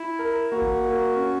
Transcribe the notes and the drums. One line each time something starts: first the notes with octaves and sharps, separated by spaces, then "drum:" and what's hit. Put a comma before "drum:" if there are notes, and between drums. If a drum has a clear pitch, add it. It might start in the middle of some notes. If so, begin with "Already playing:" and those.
Already playing: E4
A#4
A#3 F#4
drum: kick G#1
A#3
C#4